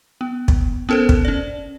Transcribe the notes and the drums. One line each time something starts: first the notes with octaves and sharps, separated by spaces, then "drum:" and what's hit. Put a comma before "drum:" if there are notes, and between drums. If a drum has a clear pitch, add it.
B3
drum: kick
B3 C#4 A4 A#4 C5
drum: kick
C#4 D5